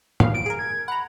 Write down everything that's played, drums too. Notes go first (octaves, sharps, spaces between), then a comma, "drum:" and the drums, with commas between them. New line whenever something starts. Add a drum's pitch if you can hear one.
D#3 B3 F5, drum: tom
A#2 D7
G#4 A#4
G#6
F#5 A#5 B5